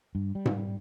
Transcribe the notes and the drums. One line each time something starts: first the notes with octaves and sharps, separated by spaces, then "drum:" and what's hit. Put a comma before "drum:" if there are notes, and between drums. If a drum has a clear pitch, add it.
G2
G3
drum: tom G#2